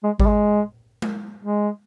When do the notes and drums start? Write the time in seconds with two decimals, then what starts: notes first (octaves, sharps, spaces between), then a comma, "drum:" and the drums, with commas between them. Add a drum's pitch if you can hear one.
0.03 G#3
0.20 G3, drum: kick G#1
0.26 G#3
1.02 drum: tom G#3
1.41 G#3